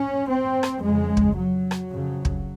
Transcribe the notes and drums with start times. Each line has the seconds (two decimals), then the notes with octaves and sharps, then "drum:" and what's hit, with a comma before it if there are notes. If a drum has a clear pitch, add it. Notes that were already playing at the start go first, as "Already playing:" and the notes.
Already playing: C#4
0.27 C4
0.63 drum: rim click
0.81 F2 C#3 G#3
1.17 drum: kick
1.35 F#3
1.71 drum: rim click
1.89 F2 C#3
2.25 drum: kick